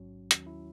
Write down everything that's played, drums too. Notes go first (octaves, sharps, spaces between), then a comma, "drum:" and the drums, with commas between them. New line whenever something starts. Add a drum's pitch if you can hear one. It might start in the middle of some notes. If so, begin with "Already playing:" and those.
Already playing: A1 G#2 F#3 C#4
D#2 D#3 F#3 C#4, drum: hi-hat
E4